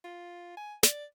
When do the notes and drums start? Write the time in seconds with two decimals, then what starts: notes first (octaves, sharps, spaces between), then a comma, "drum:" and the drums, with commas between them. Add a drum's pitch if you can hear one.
0.04 F4
0.57 G#5
0.83 D5, drum: snare